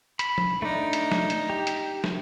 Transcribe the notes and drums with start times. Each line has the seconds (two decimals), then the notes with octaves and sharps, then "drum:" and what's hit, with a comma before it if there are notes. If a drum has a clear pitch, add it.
0.19 B5, drum: hi-hat
0.38 drum: tom
0.62 A3 D4 D#4
0.93 drum: hi-hat
1.12 drum: snare
1.30 drum: hi-hat
1.50 G4
1.67 drum: hi-hat
2.04 drum: snare